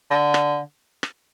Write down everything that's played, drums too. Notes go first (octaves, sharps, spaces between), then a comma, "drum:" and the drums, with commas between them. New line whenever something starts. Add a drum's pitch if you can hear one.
D3
drum: rim click
drum: rim click